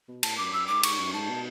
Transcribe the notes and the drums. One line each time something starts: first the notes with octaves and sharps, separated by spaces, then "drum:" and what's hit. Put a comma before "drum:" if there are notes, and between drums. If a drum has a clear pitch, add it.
B2
A2 A5, drum: cymbal
F#2 D6
F#2 E6
G#2 D6
G#2 C#6, drum: cymbal
F#2
G#2 A5
B2